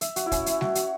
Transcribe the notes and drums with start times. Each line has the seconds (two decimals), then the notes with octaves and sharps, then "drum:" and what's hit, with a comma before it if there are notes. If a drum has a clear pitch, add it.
0.01 E5, drum: hi-hat
0.16 F#4, drum: hi-hat
0.26 E4
0.32 C#4, drum: kick, hi-hat
0.46 E4, drum: hi-hat
0.61 F#4, drum: snare G3
0.75 F#4, drum: hi-hat